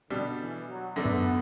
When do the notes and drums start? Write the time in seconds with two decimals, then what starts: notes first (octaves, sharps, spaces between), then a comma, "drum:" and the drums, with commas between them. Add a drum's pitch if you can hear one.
0.10 B2 D3 G3 D4
0.40 E3
0.67 F#3
0.96 F#2 D3 A3 B3 D4
1.05 drum: tom F#2